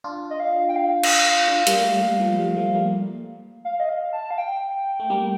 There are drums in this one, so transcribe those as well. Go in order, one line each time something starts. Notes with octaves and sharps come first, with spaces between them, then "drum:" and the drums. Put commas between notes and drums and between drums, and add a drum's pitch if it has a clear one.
D4 F4
D#5
F5
G5
F5
drum: cymbal
D4 F4
G3 A#3, drum: hi-hat
A3
G3
G3
F3 A3
G3
F3 A3
G3 A#3
F5
D#5
F5
A5
F5
G5
A3
G3 A#3